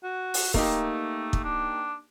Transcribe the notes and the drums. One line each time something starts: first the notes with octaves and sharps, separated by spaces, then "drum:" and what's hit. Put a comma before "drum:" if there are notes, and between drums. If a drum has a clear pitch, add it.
F#4
drum: open hi-hat
A3 A#3 D#4 G4, drum: kick
drum: kick
D4